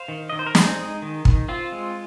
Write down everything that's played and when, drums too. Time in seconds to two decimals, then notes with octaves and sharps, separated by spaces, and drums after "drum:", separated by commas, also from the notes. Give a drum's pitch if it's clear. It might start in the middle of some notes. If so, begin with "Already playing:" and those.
Already playing: C5 F5
0.08 D#3
0.30 D#3 D#5
0.39 C5
0.47 A#4
0.55 C4 D#4 G#4, drum: snare
0.79 G#3
1.02 D#3
1.25 D#3, drum: kick
1.48 C4 F4
1.72 G#3